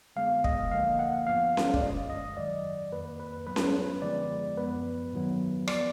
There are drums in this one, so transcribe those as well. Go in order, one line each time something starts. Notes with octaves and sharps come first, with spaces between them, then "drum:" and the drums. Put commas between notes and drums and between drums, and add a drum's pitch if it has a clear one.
D3 G#3 B3 F5
D#5, drum: kick
D3 F3 A#3 F5
F#5
G#2 F3 B3 F5
drum: snare C#4
D5, drum: kick
F#2 D3 G#3 D#5
D#5
D#5
G#2 D#3 F#3 D5
F2 D#3 A#3 B4
B4
G#2 F#3 B3 B4
drum: snare C#4
D3 F3 G#3 B3 D5
F#2 F3 B3 B4
G#2 D#3 F#3 B3
F3 B3 D5, drum: rim click